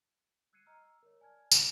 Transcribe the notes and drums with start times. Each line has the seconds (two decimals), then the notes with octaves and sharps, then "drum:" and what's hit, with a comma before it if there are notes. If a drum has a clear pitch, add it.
0.53 E6 F#6 G#6 C7 C#7 D#7
0.66 D#5 A#5 E6 F6
1.03 A#4 C#5
1.20 D5 G#5 A5 F6 G#6
1.51 drum: tambourine